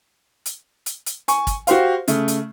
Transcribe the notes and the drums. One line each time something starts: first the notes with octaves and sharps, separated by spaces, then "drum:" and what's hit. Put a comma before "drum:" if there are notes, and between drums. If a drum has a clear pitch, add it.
drum: hi-hat
drum: hi-hat
drum: hi-hat
G#5 C#6, drum: hi-hat
drum: kick, hi-hat
F#4 G4 C5 F5, drum: hi-hat
C#3 A3, drum: hi-hat
drum: hi-hat